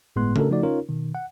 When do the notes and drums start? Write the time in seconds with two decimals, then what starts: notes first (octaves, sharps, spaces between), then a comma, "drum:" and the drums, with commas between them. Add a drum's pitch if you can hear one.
0.16 G1 A2 G#3 B3 C6 F#6
0.36 A3 C#4 D4 F#4 A4 A#4, drum: tom C#3
0.50 F3 A3 D#4 F#4 D5
0.63 C#4 D#4 F4 A#4 C#5
0.89 B2 D#3
1.15 F#5